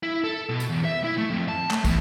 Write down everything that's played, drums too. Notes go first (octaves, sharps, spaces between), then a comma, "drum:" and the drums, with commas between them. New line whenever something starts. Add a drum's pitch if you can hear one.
E4
A4
B2
drum: tambourine
E2
E5
E4
A3
F2
A5
A3, drum: clap
E2, drum: kick, tambourine